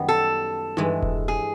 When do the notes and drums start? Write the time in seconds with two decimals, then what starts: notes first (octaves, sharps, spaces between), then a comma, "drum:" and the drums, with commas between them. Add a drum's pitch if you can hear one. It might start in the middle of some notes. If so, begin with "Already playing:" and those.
Already playing: F#2 D#3 G3 B3
0.08 A4
0.77 G2 E3 G#3, drum: tom D#4
1.02 drum: kick E1
1.28 G#4